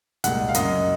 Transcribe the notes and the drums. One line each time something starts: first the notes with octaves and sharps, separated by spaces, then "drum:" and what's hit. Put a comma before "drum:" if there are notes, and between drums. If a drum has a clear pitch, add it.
C2 A#2 G#3 F#5, drum: hi-hat
F5
F#2 C#3 F#3 D#5, drum: hi-hat